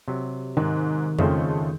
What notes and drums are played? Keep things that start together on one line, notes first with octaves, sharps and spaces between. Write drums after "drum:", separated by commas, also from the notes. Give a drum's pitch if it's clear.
C3 F#3
G#2 D#3
C#3 F3 G#3 A3 C4 C5, drum: tom F2